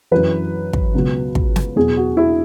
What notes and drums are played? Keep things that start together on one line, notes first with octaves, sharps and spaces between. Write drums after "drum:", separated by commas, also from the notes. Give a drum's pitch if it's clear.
F#2 E3 B4
drum: kick
C#2 B2 F#3
drum: kick
drum: snare
E2 B2 F#3 G#4
F#4
E4